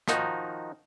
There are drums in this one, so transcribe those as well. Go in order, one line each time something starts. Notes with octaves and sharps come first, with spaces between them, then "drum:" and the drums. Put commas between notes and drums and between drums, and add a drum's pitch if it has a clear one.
D#3 F3 D#4 F#4, drum: rim click